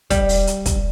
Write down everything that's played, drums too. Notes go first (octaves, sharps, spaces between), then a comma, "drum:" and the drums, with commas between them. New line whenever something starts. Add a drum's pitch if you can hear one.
G3, drum: kick, hi-hat
drum: open hi-hat
drum: hi-hat
drum: kick, hi-hat